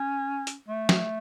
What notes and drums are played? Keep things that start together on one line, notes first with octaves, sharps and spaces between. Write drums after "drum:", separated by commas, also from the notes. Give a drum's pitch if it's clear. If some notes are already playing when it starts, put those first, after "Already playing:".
Already playing: C#4
drum: hi-hat
A3
drum: snare